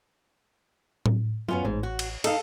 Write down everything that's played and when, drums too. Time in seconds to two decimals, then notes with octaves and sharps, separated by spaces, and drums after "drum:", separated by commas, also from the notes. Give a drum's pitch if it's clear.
1.06 drum: tom A2
1.48 F#2 B3 C#4 F4
1.65 A1 G#2
1.83 F#4
1.99 drum: cymbal
2.24 D#4 A4 F5, drum: cymbal